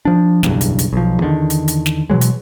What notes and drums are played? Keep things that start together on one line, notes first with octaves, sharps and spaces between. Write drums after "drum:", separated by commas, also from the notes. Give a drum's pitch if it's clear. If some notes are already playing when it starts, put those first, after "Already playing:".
F3 D4
F#1 B1 E2 G2, drum: snare
drum: hi-hat
drum: hi-hat
B1 F3
E2 D3 D#3
drum: hi-hat
drum: hi-hat
drum: snare
B2 E3 F#3 G#3
drum: hi-hat